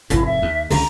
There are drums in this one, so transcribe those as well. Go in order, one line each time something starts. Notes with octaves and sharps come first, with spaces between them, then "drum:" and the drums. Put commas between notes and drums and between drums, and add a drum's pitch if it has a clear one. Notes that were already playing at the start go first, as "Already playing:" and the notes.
F1 G#2 E4, drum: kick, hi-hat
E5
D#2
C#2 D3 A#5, drum: open hi-hat